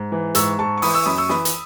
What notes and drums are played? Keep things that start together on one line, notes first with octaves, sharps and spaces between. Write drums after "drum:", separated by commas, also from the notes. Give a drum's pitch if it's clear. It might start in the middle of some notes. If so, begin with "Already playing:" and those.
Already playing: G#2
E3
G#2 C#6 E6, drum: hi-hat
G#2 A5 C#6
C#6
E3 B5 D#6, drum: open hi-hat
C#6 E6
F#2 B5 D#6
C#6 E6
E3 B5 D#6, drum: snare
drum: hi-hat